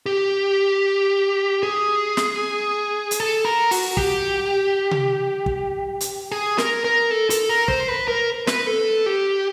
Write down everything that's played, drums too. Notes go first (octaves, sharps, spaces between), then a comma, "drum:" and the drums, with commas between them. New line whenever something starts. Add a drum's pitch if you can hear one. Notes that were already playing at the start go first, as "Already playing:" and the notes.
G4
G#4
drum: snare
drum: hi-hat
A4
A#4
F#4, drum: open hi-hat
G4, drum: kick
drum: tom C3
drum: kick
drum: hi-hat
G#4
A#4, drum: snare
A#4
A4
A4, drum: hi-hat
A#4
C5, drum: kick
B4
A#4
B4, drum: snare
A4
G4